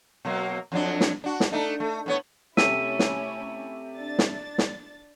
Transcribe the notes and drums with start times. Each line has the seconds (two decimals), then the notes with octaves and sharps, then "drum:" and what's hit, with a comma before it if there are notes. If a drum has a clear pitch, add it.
0.25 B2 F#3 A#3
0.72 F2 F#3 D4
1.01 drum: snare
1.24 D4 F#4
1.40 drum: snare
1.52 A3 D4 D#4
1.80 A3
2.06 A2 B3 C#5
2.57 C3 A3 C#4 E4 G4 A4 E5 D#7, drum: snare
2.99 drum: snare
3.97 D4 A6
4.19 drum: snare
4.58 drum: snare